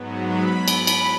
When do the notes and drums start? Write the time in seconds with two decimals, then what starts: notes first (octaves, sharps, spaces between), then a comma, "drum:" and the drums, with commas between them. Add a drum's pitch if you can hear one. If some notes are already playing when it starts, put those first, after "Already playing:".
Already playing: G#2 F#3 B3
0.28 B5
0.68 B5, drum: cymbal
0.87 drum: cymbal